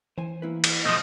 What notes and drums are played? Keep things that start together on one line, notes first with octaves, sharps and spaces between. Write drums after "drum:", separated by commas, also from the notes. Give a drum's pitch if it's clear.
E3 C5 G#5
A#3 E4 B4
drum: cymbal
B2 F3 A3 E4 D#5